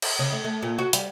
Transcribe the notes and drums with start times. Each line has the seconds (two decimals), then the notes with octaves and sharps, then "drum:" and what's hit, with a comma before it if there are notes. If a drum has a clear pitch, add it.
0.02 drum: cymbal
0.19 C#3
0.32 A3
0.45 A3
0.62 A#2
0.78 F#4
0.93 G3, drum: hi-hat